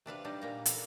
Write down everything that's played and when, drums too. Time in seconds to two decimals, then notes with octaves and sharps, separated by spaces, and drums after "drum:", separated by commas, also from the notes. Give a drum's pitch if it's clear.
0.06 C3 D4 B4 F5
0.25 G3 D4 D#4
0.42 A#2 A#3 A#5
0.66 A4 F5, drum: hi-hat